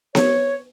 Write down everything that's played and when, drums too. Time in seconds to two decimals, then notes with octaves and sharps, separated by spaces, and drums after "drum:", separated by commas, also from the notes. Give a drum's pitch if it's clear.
0.15 C#5, drum: snare B3